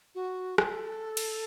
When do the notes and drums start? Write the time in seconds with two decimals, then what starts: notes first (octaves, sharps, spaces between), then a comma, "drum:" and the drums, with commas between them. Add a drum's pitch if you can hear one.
0.15 F#4
0.58 A4, drum: rim click
1.17 drum: cymbal